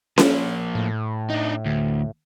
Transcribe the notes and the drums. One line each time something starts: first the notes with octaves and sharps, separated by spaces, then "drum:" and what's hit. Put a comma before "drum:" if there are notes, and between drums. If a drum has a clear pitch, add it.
F3 A#3, drum: snare C#4
A2
D4 D#4
D2